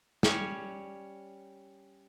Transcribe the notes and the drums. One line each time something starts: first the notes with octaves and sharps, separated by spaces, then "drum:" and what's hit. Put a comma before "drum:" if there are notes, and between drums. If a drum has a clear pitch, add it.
G3 C#4 C#5, drum: snare